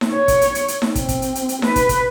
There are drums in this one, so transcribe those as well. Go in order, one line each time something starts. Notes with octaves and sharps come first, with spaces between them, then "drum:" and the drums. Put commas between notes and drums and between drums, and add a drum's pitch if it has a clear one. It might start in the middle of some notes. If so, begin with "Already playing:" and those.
drum: snare D#4
C#5
drum: kick, hi-hat
drum: hi-hat
drum: hi-hat
drum: hi-hat
drum: snare D#4
C4, drum: kick, hi-hat
drum: kick, hi-hat
drum: hi-hat
drum: hi-hat
drum: hi-hat
B4, drum: snare D#4
drum: kick, hi-hat
drum: kick, hi-hat